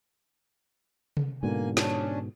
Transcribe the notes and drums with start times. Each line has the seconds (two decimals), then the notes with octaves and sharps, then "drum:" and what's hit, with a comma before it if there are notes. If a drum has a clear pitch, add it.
1.17 drum: tom C3
1.43 G#2 B2 D3 A#3 G#5
1.77 C#4 D4, drum: snare